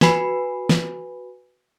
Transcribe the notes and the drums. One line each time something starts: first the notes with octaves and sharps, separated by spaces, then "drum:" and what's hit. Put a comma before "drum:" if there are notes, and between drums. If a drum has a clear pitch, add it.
F#4 B4 G#5 B5 C7, drum: snare
drum: snare